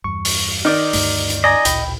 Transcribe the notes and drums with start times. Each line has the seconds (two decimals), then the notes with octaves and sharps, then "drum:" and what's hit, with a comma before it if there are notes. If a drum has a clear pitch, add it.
0.04 E2 G2 C#6
0.25 drum: open hi-hat
0.65 D#3 D#4 D5 D6 F6
0.93 D2 G2 A3, drum: open hi-hat
1.30 drum: hi-hat
1.44 D5 D#5 G#5 A#5
1.65 A1 D2 A#2 G5 B5, drum: hi-hat